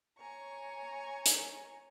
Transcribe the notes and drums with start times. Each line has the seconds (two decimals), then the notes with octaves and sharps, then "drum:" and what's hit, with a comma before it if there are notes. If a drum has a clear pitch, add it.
0.19 C#5 G#5 A#5 C#6
1.26 drum: hi-hat